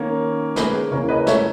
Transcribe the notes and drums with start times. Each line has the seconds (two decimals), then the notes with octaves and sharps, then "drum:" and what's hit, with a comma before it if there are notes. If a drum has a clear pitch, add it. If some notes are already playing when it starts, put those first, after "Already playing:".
Already playing: D#3 A#3 C#4
0.56 G#4 B4, drum: snare
0.91 C#3 E3 A#3 C#4 A#4 C#5
1.09 B4 D#5
1.27 C#5 E5, drum: snare